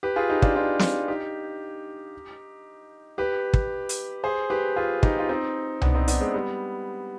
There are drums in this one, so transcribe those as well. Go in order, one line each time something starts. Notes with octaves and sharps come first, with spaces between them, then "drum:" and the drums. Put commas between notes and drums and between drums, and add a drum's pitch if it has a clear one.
G4 B4
F4 G#4
D#4 G4
D4 F4, drum: kick
D4 F4
drum: snare
D#4 G4
G4 B4
drum: kick
drum: hi-hat
G#4 C5
G4 B4
F4 G#4
D#4 G4, drum: kick
F4
C4 D#4
B3 D4, drum: tom C2
C4 D#4
B3 D4, drum: hi-hat
G#3 C4
G3 B3